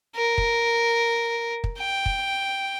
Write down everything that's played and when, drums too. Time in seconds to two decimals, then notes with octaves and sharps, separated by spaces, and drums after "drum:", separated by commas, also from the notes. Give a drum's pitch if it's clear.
0.16 A#4
0.38 drum: kick
1.64 drum: kick
1.78 G5
2.06 drum: kick